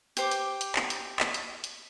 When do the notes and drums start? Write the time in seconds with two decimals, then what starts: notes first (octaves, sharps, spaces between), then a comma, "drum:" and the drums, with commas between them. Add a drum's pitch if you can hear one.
0.17 G4 C5 D6, drum: hi-hat
0.31 drum: hi-hat
0.61 drum: hi-hat
0.76 drum: clap
0.90 drum: hi-hat
1.20 drum: clap
1.34 drum: hi-hat
1.64 drum: hi-hat